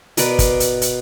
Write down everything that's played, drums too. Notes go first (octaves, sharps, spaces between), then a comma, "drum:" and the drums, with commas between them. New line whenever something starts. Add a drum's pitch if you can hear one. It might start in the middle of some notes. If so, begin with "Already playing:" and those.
B2 A#4 B4 D5, drum: hi-hat
drum: kick, hi-hat
drum: hi-hat
drum: hi-hat